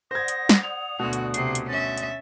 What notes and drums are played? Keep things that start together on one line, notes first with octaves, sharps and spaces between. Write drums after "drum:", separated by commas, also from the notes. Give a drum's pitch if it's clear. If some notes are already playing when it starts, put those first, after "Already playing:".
C5 D5 F#5 D#6 G#6 A#6
drum: hi-hat
drum: snare
F7
D2 B2 F#4
drum: hi-hat
C3 C7, drum: hi-hat
drum: hi-hat
C#4 E5 A6
drum: hi-hat